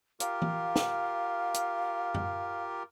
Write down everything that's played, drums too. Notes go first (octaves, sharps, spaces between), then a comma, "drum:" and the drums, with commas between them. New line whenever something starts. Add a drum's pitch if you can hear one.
F4 G4 A#4 F5, drum: hi-hat
drum: tom E3
drum: snare
drum: hi-hat
drum: tom F#2